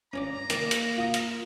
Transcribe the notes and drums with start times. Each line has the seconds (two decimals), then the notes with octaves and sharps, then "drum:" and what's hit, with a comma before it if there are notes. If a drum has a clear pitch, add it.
0.13 C#4 C#5 D5 A#5
0.50 D#3 A#3 D5, drum: hi-hat
0.71 drum: hi-hat
0.98 F4 D#6
1.14 drum: hi-hat